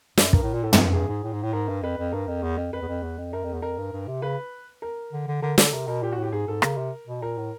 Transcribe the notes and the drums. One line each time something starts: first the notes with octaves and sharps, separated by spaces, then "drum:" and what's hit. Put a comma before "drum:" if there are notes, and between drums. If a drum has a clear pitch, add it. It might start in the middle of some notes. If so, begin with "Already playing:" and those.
F#2, drum: snare
G2 A#4, drum: kick
A2
A#2
A2 A4
G2, drum: tom
G2
G2 G#4
G#2
A2
G#2
A2
G#2 A#4
G2
F2 B4
F2
G2 A#4
F2
E2
F2
F2 B4
E2
F2
E2
F2
F#2 A#4
F2
E2
F2 A#4
G2
G2
C3
C#3 B4
A#4
D3
D3
D3 A#4
D3 A4, drum: snare
C3 A#4
B2 A#4
A#2 G4
F#4
A2
G4
G#2 G#4
G#2 A4
C#3 A#4, drum: rim click
C3
B2
A#2 A#4
A2